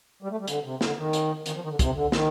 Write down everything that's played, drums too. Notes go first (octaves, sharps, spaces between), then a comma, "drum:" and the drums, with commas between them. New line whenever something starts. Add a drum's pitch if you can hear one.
G3
A3
G3
D3, drum: hi-hat
C3
D3, drum: snare
D#3
drum: hi-hat
D#3, drum: hi-hat
F3
D#3
D3
C3, drum: kick, hi-hat
D3
D#3, drum: snare